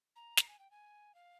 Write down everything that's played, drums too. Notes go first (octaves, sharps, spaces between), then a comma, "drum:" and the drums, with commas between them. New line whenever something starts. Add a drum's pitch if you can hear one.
A#5
drum: snare
G#5
G5
G#5
F5